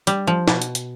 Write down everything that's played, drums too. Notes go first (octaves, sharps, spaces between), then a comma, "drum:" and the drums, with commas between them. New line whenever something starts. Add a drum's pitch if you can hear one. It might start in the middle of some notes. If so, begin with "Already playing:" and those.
G3, drum: hi-hat
F3
B2, drum: snare
drum: hi-hat
drum: hi-hat